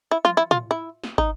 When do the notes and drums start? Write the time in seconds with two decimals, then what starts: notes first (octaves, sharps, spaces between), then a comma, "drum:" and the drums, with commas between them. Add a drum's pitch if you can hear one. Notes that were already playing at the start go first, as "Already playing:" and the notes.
0.11 E4
0.25 F4, drum: tom E3
0.37 E4
0.51 F4, drum: tom
0.71 E4
1.04 drum: snare
1.18 D#4, drum: kick